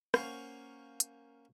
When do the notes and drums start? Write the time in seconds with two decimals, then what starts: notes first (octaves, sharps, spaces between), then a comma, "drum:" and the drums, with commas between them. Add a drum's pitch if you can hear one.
0.14 A#3 C#4 F#4 C5 F5, drum: rim click
1.00 drum: hi-hat